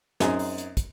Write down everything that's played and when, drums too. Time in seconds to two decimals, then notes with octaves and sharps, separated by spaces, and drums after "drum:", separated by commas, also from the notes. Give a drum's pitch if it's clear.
0.20 F#2 C4 D#4 G#4 G#5, drum: snare
0.39 drum: open hi-hat
0.58 drum: hi-hat
0.77 drum: kick, hi-hat